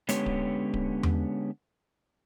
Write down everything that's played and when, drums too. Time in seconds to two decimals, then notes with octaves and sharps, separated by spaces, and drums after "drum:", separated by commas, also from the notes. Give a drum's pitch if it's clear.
0.09 D3 G#3 B3 C#4 G4 C#5, drum: hi-hat
0.26 drum: kick D1
0.74 drum: kick D1
1.03 drum: tom E2